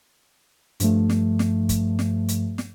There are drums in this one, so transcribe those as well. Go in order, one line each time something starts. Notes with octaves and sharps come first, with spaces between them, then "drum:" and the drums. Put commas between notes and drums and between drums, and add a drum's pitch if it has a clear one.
G2 F3 A3, drum: hi-hat
drum: snare
drum: snare
drum: kick, hi-hat
drum: snare
drum: hi-hat
drum: snare